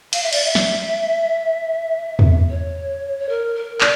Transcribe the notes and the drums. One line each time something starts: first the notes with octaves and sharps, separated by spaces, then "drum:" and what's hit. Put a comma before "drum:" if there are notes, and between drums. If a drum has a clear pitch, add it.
F5, drum: cymbal
E5
D5, drum: cymbal
E5
drum: snare
drum: tom E2
C#5
C#5
A#4
A#4
D5, drum: clap